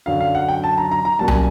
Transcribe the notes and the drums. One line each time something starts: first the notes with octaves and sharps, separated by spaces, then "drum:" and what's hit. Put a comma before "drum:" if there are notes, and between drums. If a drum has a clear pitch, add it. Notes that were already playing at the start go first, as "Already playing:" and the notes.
F#2 D3 F#3 F5
F5
F#5
G5
A5
A#5
A#5
A#5
C2 A#2 F#3 A#3 C#4 A5
G#5, drum: tom